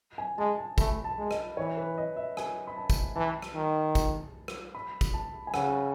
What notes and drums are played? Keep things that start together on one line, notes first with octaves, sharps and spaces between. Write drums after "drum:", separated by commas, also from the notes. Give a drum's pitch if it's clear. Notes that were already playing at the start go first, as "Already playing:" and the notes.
G#5
G#3 A5
A5
A3 B5, drum: kick, tambourine
A5
G#3
D#5, drum: rim click
E3 C#5
B4
D#5
E5
G#5, drum: rim click
B5
A5
drum: kick, tambourine
E3 A5
drum: rim click
D#3
drum: kick, tambourine
drum: rim click
B5
drum: kick, tambourine
A5
G#5
C#3 F#5, drum: rim click